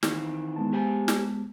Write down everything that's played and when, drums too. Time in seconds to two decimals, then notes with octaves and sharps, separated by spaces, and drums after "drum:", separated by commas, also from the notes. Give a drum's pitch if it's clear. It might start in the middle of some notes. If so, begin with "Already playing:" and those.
0.03 D#3 E3 C4, drum: snare
0.56 G#3 B3 A5
0.73 G4 C5 G#5
1.08 drum: snare